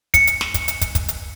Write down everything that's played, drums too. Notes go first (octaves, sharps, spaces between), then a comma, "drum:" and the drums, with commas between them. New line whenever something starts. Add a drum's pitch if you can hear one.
C#7, drum: kick, hi-hat
drum: hi-hat
drum: snare
drum: kick, hi-hat
drum: hi-hat
drum: kick, hi-hat
drum: kick, hi-hat
drum: hi-hat